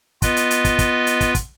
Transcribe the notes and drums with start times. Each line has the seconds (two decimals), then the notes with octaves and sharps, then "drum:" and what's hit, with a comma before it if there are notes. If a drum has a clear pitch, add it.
0.22 B3 F4 B4 D#5, drum: kick, hi-hat
0.37 drum: hi-hat
0.51 drum: hi-hat
0.65 drum: kick, hi-hat
0.79 drum: kick, hi-hat
1.07 drum: hi-hat
1.21 drum: kick, hi-hat
1.35 drum: kick, hi-hat